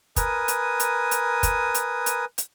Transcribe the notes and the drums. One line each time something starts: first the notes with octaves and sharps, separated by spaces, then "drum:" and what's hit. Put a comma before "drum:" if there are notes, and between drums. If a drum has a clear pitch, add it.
A#4 B4 G#5 D#6, drum: kick, hi-hat
drum: hi-hat
drum: hi-hat
drum: hi-hat
drum: kick, hi-hat
drum: hi-hat
drum: hi-hat
drum: hi-hat